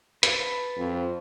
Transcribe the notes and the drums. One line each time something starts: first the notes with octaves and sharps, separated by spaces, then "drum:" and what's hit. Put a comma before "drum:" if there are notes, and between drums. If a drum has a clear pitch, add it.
B4 A5, drum: hi-hat
F2